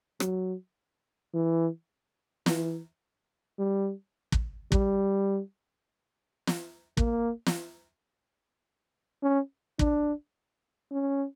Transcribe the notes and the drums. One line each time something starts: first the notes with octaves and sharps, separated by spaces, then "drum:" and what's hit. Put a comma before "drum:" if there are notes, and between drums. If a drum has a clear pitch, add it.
F#3, drum: rim click
E3
E3, drum: snare
G3
drum: kick
G3, drum: kick
drum: snare
A#3, drum: kick
drum: snare
C#4
D4, drum: kick
C#4